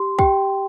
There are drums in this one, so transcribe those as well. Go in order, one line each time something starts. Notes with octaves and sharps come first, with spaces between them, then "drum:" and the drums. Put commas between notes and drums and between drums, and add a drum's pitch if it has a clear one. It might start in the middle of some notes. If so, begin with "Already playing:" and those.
Already playing: G4 C6
G4 G5, drum: kick